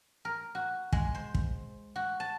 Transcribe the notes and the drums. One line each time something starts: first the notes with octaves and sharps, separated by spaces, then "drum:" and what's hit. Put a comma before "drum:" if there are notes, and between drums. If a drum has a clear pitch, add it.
A#4
F#4
G#3, drum: kick
C5
drum: kick
F#4
A5